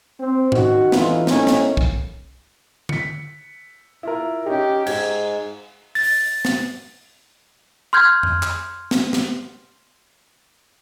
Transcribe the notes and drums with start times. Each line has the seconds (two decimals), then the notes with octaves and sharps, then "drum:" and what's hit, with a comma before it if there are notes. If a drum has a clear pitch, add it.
0.20 C4
0.52 F#2 D#3 F#4, drum: tom G#2
0.92 A1 E3 D#4 F4, drum: snare
1.27 A2 A#3 C#4 D#4, drum: snare
1.47 drum: snare
1.77 drum: kick
2.89 B6 C#7, drum: tom D3
4.03 E4 F4 A#4
4.46 C#4 D#4 G4
4.86 G#2 G#6, drum: cymbal
5.95 A6, drum: open hi-hat
6.45 drum: snare
7.93 C6 F6 G6 G#6
8.23 drum: tom F2
8.43 drum: clap
8.91 drum: snare
9.13 drum: snare